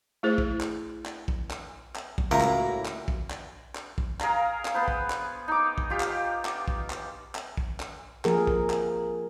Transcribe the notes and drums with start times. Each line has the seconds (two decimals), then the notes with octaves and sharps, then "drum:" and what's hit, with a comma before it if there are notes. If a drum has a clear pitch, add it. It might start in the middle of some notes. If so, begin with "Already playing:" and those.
0.23 A3 E4 G#4 C5
0.38 drum: kick
0.61 drum: clap
1.06 drum: clap
1.28 drum: kick
1.51 drum: clap
1.95 drum: clap
2.18 drum: kick
2.31 C#2 A2 A#3 E4 F#4 A#5
2.40 drum: clap
2.85 drum: clap
3.08 drum: kick
3.30 drum: clap
3.75 drum: clap
3.98 drum: kick
4.20 G#4 A#4 F5 A#5, drum: clap
4.65 drum: clap
4.74 B3 B4 C5
4.88 drum: kick
5.10 drum: clap
5.48 D#4 D6
5.78 drum: kick
5.90 F4 G4
6.00 drum: clap
6.45 drum: clap
6.68 drum: kick
6.90 drum: clap
7.35 drum: clap
7.57 drum: kick
7.80 drum: clap
8.25 F3 A#3 G4 G#4 A#4, drum: clap
8.47 drum: kick
8.70 drum: clap